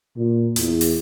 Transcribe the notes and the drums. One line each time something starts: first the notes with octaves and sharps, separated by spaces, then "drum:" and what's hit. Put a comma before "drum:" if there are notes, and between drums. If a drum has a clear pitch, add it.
A#2
E2, drum: hi-hat
drum: open hi-hat